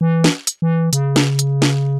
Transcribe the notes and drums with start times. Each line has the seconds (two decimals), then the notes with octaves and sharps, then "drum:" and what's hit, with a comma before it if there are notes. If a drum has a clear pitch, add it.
0.01 E3
0.24 drum: snare
0.47 drum: hi-hat
0.62 E3
0.93 C#3, drum: hi-hat
1.16 drum: snare
1.39 drum: hi-hat
1.62 drum: snare